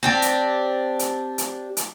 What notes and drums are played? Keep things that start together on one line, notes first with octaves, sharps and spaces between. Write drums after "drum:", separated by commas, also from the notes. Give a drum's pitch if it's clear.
C4 D4 G4
drum: hi-hat
drum: hi-hat
drum: hi-hat
drum: hi-hat